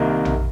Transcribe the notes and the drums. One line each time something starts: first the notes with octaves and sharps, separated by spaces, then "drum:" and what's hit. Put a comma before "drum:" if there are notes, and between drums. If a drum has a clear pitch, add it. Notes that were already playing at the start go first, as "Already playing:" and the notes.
Already playing: C2 C3 D#3 A#3
drum: tom A#1